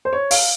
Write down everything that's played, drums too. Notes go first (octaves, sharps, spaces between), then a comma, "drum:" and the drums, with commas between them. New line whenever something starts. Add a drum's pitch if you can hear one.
C5
C#5
F5, drum: open hi-hat